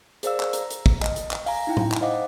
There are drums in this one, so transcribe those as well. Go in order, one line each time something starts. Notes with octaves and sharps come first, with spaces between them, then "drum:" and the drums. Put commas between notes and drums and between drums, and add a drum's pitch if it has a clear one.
G#4 A#4 C5 D5 F5 E6, drum: hi-hat
drum: clap
A#5, drum: hi-hat
drum: hi-hat
drum: kick
D#5, drum: clap
drum: hi-hat
drum: clap
F5 G#5 A#5, drum: open hi-hat
D#4 E4 G5
drum: tom A2
drum: clap
C5 D#5 F5 F#5 D6